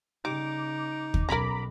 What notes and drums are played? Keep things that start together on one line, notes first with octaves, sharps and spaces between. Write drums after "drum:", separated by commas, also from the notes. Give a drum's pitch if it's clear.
C#3 G3 D#4 D6
drum: kick
B1 C#4 A#4 A#5 B5 D6